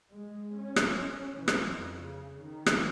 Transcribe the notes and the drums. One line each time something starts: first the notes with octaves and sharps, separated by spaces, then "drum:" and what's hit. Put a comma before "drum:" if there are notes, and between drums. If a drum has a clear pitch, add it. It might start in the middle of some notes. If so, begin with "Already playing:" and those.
G#3
C#4
drum: rim click
E3
drum: rim click
F2
C#3
D#3
drum: rim click